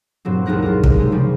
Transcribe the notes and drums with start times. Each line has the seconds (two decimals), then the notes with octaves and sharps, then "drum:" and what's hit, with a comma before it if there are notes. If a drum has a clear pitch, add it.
0.25 G2 A#2 F#3 C4
0.46 E1 C#2 G2 D#4 A#4 F#6
0.62 F4 A#4
0.84 drum: kick
0.97 C3 G#3 D#4
1.12 C#3 F3 G3